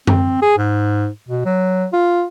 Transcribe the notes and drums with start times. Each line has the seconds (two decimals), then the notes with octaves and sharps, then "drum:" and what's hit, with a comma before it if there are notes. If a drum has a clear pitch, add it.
0.07 C4, drum: tom F#2
0.42 G#4
0.58 G#2
1.29 B2
1.45 F#3
1.93 F4